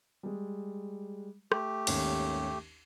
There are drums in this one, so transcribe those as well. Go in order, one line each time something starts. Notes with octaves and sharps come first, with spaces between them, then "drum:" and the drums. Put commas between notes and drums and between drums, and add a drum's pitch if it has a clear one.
G3 G#3
A3 G4, drum: rim click
G#1 D#2 C#4, drum: cymbal